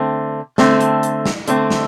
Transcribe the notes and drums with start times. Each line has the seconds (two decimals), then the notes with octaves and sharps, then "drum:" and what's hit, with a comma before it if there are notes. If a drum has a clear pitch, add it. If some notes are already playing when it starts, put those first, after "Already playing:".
Already playing: D3 A3 C4
0.58 D3 A3 C4, drum: snare
0.81 drum: hi-hat
1.03 drum: hi-hat
1.26 drum: snare
1.48 D3 A3 C4, drum: hi-hat
1.70 drum: snare